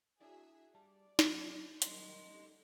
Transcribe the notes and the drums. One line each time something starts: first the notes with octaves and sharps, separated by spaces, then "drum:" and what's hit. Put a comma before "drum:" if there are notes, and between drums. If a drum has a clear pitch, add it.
D4 E4 F#4 G#4 D5 E5
G3 D5 A5
F#3, drum: snare
D#3 F#3 G3 C#4 D#4 D#5 C6, drum: hi-hat
D3 G3 D#4 G4